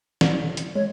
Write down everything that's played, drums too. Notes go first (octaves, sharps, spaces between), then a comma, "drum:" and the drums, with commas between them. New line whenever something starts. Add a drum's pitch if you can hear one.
drum: snare
drum: hi-hat
G#3 C#5